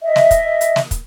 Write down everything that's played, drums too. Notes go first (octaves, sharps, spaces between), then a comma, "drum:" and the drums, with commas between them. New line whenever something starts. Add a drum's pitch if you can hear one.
D#5 E5
drum: snare
drum: kick, hi-hat
drum: hi-hat
drum: snare
drum: kick, hi-hat